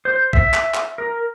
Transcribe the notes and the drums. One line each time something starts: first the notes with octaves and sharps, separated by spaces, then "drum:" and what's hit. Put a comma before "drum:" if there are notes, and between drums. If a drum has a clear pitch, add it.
C5
E5, drum: kick A#1
drum: clap
drum: clap
A#4